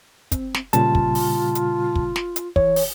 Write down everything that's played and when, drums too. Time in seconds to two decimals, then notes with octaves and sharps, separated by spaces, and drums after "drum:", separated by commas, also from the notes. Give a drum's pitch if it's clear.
0.32 C4, drum: kick, hi-hat
0.54 drum: snare
0.73 A#2 C#3 G3 F4 A5, drum: hi-hat
0.95 drum: kick
1.15 drum: open hi-hat
1.55 drum: hi-hat
1.96 drum: kick
2.16 drum: snare
2.36 drum: hi-hat
2.56 E3 C#5, drum: kick
2.76 drum: open hi-hat